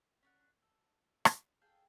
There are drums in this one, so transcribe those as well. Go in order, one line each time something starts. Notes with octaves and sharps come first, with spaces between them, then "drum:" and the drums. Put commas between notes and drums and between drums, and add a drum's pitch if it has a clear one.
C#4 D4 F#5
A4
drum: rim click
G#4 A4 F5 G5